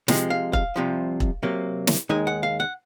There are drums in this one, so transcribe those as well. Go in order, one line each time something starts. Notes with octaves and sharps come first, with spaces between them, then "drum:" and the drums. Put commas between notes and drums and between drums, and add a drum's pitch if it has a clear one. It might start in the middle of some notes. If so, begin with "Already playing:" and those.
C3 F3 G#3, drum: snare
F5
F5, drum: kick E1
C2 C3 F3
drum: kick E1
C3 F#3 A#3
drum: snare
D#2 D#3 G#3 D#4 G#5
F#5
F5
F#5